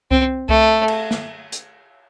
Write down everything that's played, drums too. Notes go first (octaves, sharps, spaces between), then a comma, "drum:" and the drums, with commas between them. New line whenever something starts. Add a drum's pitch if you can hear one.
C4, drum: kick C2
A3, drum: kick C2
drum: cymbal
drum: snare
drum: hi-hat